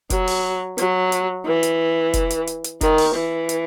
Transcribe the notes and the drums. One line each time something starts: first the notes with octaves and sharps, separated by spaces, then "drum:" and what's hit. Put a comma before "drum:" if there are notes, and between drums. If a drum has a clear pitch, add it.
F#3, drum: kick F1, hi-hat
drum: open hi-hat
F#3, drum: hi-hat
drum: hi-hat
E3
drum: hi-hat
drum: kick F1, hi-hat
drum: hi-hat
drum: hi-hat
drum: hi-hat
D#3, drum: kick F1, hi-hat
drum: open hi-hat
E3
drum: hi-hat